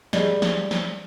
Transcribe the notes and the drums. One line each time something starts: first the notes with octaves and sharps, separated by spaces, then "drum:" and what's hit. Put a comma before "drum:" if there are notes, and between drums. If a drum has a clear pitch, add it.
G3 G#4 D5 D#5, drum: snare
drum: snare
drum: snare